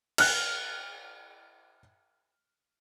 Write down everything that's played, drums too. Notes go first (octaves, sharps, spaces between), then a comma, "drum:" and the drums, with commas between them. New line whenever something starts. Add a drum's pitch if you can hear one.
F6 F#6, drum: cymbal